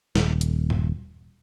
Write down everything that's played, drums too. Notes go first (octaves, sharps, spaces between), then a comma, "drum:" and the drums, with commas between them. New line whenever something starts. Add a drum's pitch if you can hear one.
D#1, drum: snare
drum: hi-hat
drum: tom G2